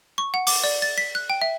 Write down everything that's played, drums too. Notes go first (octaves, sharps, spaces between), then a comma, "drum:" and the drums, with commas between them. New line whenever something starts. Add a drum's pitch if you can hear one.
C#6
F#5
D6, drum: open hi-hat
D5
A6
B6
F#6
G5
E5